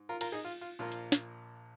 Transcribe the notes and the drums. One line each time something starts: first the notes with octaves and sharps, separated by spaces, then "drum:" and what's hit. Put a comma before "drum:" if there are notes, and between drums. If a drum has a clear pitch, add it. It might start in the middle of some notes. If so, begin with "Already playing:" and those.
Already playing: G#2
F4 A#4
F4 A#4, drum: cymbal
D#4 G#4
F4
F4
A#1 A#2 A#3 F4
drum: hi-hat
drum: snare